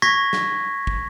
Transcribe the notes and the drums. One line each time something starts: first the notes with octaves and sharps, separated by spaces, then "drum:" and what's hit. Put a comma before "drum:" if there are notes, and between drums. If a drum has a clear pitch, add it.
C#6 G#6 A#6 B6
drum: snare
drum: kick